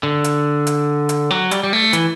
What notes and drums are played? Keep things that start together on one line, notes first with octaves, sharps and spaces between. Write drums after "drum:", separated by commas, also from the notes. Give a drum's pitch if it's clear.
D3
drum: hi-hat
drum: hi-hat
drum: hi-hat
F#3
G3, drum: hi-hat
G3
A3
E3, drum: hi-hat